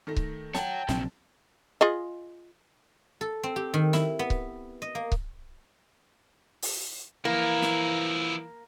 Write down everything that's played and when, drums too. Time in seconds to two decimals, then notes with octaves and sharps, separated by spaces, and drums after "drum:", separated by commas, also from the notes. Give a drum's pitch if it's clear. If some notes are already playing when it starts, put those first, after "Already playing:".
0.07 D#3 A3 A#6
0.16 drum: kick C#1
0.54 C#5 F#5 G5 A5, drum: snare
0.88 A#1 C3 F#3 C4, drum: snare
1.81 F4 G#4 D#5
3.21 A4
3.43 C4
3.56 G4
3.74 D#3
3.93 E4, drum: snare
4.19 B3
4.30 drum: kick C#1
4.82 D#5
4.95 A#3
5.12 drum: kick C#1
6.62 drum: open hi-hat
7.25 E3 F3 A#3 E4
7.62 drum: snare